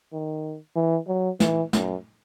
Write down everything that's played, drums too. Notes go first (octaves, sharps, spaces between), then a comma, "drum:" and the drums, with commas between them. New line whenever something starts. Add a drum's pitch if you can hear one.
D#3
E3
F#3
E3, drum: snare
F#2, drum: snare